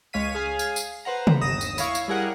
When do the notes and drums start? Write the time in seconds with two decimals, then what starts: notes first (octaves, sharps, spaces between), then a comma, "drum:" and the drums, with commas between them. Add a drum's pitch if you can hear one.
0.13 C#2 G#3 C#5 F5 B6 D#7
0.35 G#4 F5 G#5
0.59 drum: tambourine
0.76 drum: tambourine
1.05 B4 C5 F#5 A#5
1.27 drum: tom
1.41 G1 D#2 D#6 A#6 E7
1.61 drum: tambourine
1.78 E4 C#5 F5 C#6, drum: tambourine
1.95 drum: tambourine
2.08 G3 E4 G#4 A#4 F#5